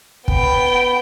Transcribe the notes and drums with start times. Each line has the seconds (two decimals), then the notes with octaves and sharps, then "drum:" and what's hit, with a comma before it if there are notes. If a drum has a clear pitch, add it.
0.28 B3 G5, drum: kick